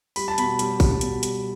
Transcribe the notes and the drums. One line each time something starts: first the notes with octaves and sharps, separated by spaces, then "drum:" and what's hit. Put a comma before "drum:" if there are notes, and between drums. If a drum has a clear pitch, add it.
G3 B5, drum: open hi-hat
A5
B2 B5, drum: hi-hat
G3, drum: hi-hat
G3, drum: kick, open hi-hat
B2, drum: hi-hat
G3, drum: hi-hat